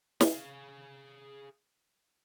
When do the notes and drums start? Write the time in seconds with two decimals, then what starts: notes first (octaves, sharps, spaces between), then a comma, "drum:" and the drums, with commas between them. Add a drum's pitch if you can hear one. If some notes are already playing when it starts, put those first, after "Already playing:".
0.21 G#4 F5, drum: snare